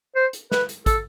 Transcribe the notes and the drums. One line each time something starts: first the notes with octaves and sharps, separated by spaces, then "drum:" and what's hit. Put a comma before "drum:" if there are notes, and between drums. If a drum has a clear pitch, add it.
C5
drum: hi-hat
B4, drum: snare
drum: hi-hat
A4, drum: kick, hi-hat